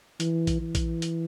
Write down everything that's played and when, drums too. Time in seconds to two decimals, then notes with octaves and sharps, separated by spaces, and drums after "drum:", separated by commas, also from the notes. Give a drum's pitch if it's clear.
0.20 E3, drum: hi-hat
0.47 drum: kick A#1, hi-hat
0.61 E3
0.75 drum: kick A#1, hi-hat
1.02 drum: hi-hat